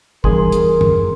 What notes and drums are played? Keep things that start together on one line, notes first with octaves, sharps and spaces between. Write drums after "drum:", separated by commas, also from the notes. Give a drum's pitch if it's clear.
E2 G2 G#4 A#4 C6, drum: kick
drum: hi-hat
drum: tom F#2